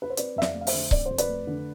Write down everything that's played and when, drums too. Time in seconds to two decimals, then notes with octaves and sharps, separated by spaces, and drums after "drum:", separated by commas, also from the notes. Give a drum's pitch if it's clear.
0.02 B4
0.10 C5
0.17 C4 B4 D5, drum: hi-hat
0.36 F2 E5
0.42 D5 F5, drum: snare
0.54 A3
0.61 F5
0.67 C5 E5, drum: open hi-hat
0.73 D3
0.91 C4 D5, drum: kick C#1
1.06 C5
1.11 F2
1.18 B4 D5, drum: hi-hat
1.28 A3
1.47 D3